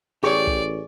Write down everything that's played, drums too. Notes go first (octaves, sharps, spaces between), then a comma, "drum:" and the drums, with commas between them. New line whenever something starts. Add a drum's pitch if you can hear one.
A1 G4 G#4 C#5 D5 C#6
drum: kick